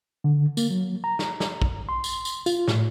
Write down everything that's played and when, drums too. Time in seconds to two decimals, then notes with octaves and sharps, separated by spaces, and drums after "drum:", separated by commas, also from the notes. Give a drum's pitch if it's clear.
0.24 D3
0.57 A#3, drum: tambourine
0.70 F#3
1.04 A#5
1.19 drum: snare
1.40 drum: snare
1.62 drum: kick
1.89 C6
2.04 drum: tambourine
2.25 drum: tambourine
2.46 F4, drum: tambourine
2.68 A2, drum: snare